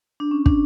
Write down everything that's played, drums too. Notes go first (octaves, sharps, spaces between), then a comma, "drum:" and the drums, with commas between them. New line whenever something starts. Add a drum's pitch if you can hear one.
D4
C#4
D4, drum: kick